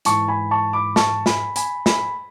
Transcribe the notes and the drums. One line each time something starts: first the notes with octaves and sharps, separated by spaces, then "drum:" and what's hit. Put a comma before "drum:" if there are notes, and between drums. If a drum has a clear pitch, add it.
G#2 E3 A5 C#6, drum: hi-hat
G#5 B5
A5 C#6
B5 D6
A5 C#6, drum: snare
G#5 B5, drum: snare
G#5 B5, drum: hi-hat
G#5 B5, drum: snare